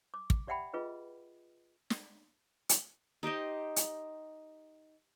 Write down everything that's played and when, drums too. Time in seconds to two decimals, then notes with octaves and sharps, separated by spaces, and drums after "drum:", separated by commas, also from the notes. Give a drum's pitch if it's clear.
0.14 D6
0.30 drum: kick
0.47 G4 D5 E5 F#5 G5 B5
0.73 F4 G#4 B4 D#5
1.90 drum: snare
2.69 drum: hi-hat
3.23 D#4 G4 C5 D#5
3.76 drum: hi-hat